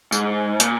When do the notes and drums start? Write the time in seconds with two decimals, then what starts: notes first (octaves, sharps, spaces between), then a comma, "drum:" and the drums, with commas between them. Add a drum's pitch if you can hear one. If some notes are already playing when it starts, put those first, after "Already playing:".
0.12 G#2, drum: tambourine
0.60 A#2, drum: hi-hat